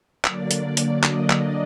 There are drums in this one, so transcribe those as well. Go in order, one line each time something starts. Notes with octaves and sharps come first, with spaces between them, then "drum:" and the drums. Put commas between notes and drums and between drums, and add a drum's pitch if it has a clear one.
D3 F#3 A#3 D4 D5, drum: clap
drum: hi-hat
drum: hi-hat
D#5, drum: clap
drum: clap